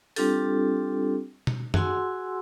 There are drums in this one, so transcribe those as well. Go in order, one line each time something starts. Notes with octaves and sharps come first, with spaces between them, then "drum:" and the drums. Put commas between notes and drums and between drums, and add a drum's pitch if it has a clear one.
G3 C4 D4 F4 G4 A4, drum: open hi-hat
drum: tom B2
F#4 G#4 F#5 G#5 C6 E6, drum: tom F#2